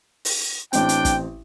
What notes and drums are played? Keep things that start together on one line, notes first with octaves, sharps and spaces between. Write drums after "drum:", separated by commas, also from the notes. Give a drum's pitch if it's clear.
drum: open hi-hat
A1 C4 D4 G5, drum: hi-hat
drum: hi-hat
drum: kick, hi-hat